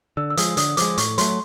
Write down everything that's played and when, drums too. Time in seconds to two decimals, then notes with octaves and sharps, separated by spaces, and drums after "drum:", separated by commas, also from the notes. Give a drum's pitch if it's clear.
0.17 D3 E6
0.30 E6
0.37 F3 G#3 D#6, drum: hi-hat
0.57 D3 D#6, drum: hi-hat
0.77 F3 G#3 D6, drum: hi-hat
0.98 A2 C#6, drum: hi-hat
1.18 F#3 A3 C6, drum: hi-hat